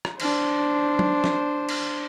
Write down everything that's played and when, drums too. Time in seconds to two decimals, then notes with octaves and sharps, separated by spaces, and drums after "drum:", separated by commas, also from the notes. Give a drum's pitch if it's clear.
0.05 drum: rim click
0.20 D4 C5, drum: cymbal
0.99 drum: tom F#3
1.24 drum: snare
1.69 drum: cymbal